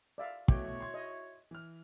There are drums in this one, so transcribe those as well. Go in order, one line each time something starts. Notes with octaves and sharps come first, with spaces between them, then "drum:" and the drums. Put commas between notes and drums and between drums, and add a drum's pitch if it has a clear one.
D5 E5 F5
B2 A3 E4 F#4 C#5 G5 D6, drum: kick
C6 G#6
D#5
E3 F6